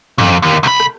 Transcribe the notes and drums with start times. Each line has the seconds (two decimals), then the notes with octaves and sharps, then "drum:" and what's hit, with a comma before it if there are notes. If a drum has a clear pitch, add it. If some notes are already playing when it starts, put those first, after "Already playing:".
0.18 F2, drum: tom
0.42 D#2
0.63 C2 B5
0.80 drum: rim click